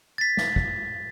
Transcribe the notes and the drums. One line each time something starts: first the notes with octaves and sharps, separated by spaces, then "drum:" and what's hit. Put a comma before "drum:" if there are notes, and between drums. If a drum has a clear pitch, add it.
A6 B6
drum: snare
drum: kick